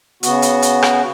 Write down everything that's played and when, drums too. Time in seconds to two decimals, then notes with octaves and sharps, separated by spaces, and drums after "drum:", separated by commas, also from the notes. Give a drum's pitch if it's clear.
0.23 C#3 B3 F#4, drum: hi-hat
0.42 drum: hi-hat
0.62 drum: hi-hat
0.82 drum: rim click